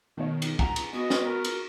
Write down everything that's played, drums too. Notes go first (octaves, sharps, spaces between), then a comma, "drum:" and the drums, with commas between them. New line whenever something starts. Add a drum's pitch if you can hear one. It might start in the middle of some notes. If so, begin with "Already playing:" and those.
B2 D#3 C#5
drum: cymbal
C#2 F#5 G#5 A#5, drum: kick
drum: cymbal
B3 F#4 D#5
drum: snare
A#4 F6
drum: cymbal